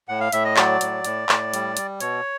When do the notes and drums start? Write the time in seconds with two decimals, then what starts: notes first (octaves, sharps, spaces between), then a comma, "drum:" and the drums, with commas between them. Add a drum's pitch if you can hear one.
0.09 A2 F#5
0.21 F5
0.32 A2 E5, drum: hi-hat
0.45 D#5
0.57 F#3 D5, drum: clap
0.81 A2, drum: hi-hat
1.05 A2, drum: hi-hat
1.29 A2, drum: clap
1.54 G3, drum: hi-hat
1.77 G3, drum: hi-hat
2.00 B2 C#5, drum: hi-hat